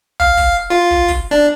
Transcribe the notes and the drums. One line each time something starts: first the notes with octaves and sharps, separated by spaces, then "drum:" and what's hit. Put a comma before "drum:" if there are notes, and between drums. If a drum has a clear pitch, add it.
F5, drum: kick
drum: kick, open hi-hat
F4
drum: kick
drum: kick, open hi-hat
D4